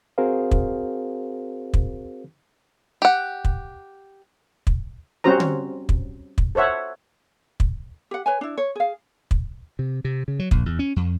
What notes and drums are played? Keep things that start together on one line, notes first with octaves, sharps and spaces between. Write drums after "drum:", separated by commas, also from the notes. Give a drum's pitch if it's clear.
C4 F#4 G#4 A#4 C5 F5
drum: kick
drum: kick
G4 F#5
drum: kick
drum: kick
G3 C4 C#4 F#4 C5 A#5
drum: tom D3
drum: kick
drum: kick
A4 C5 C#5 E5 F#5
drum: kick
G4 F#5
B4 C#5 G#5
D4 E4
C#5
G#4 F5
drum: kick
C3
C3
C#3
F#3
A#1, drum: kick
E2
C#4
F2